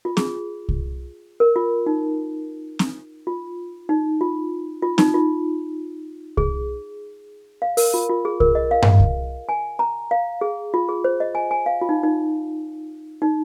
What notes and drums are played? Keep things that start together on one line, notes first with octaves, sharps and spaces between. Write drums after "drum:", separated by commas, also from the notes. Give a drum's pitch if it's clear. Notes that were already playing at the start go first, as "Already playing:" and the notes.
F4
G#4, drum: snare C4
drum: kick C2
A#4
F4
D#4
drum: snare C4
F4
D#4
F4
F4
D#4, drum: snare C4
F4
G#4, drum: kick C2
F5
A#4, drum: open hi-hat
F4
F4
G#4
A#4, drum: kick C2
D#5
F5
drum: tom G2
drum: kick C2
G#5
A#5
F5
G#4
F4
G#4
C5
D#5
G#5
G#5
F5
F4
D#4
D#4
D#4